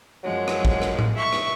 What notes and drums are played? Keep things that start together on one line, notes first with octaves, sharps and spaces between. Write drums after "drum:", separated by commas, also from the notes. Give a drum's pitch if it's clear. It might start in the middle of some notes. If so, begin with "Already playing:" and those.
F#2 F3 F#3 G#3
drum: rim click
drum: kick
drum: rim click
drum: tom A2
E5 C#6
drum: rim click